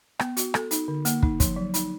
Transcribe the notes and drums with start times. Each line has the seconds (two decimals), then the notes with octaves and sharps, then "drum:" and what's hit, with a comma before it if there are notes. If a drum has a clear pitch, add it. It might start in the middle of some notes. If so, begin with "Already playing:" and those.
0.19 B3, drum: rim click
0.37 F#4, drum: hi-hat
0.54 A4, drum: rim click
0.71 D#4, drum: hi-hat
0.88 D3
1.05 A#3, drum: hi-hat
1.23 D#4, drum: kick
1.40 F3, drum: kick, hi-hat
1.56 F#3
1.74 D#4, drum: hi-hat